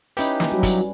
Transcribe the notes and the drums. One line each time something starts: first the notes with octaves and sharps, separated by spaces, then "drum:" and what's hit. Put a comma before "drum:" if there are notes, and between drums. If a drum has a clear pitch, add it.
C#4 D#4 E4 G4 B4, drum: hi-hat
drum: snare
F#3 G3
drum: kick, hi-hat